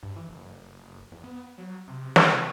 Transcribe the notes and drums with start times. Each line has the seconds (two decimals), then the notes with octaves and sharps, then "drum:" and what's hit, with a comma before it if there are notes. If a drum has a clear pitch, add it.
0.03 G2
0.16 E3
0.29 F#1
1.12 E2
1.24 B3
1.58 F#3
1.87 C3
2.16 drum: snare